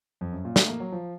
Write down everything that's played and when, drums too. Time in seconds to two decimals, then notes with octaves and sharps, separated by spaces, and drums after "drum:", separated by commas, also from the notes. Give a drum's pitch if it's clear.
0.21 F2
0.32 F#2
0.45 A#2
0.56 A3, drum: snare
0.68 A#3
0.80 F#3
0.92 F3